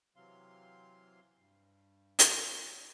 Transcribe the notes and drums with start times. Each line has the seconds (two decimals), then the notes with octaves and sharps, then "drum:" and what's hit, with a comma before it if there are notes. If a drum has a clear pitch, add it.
0.16 C3 E3 F#3 C4 F5 C6
1.39 G2
2.19 drum: hi-hat
2.47 C#6